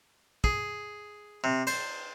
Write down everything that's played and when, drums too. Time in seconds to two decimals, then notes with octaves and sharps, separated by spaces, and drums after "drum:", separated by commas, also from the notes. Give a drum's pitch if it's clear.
0.44 G#4, drum: kick
1.44 C3
1.67 C5, drum: cymbal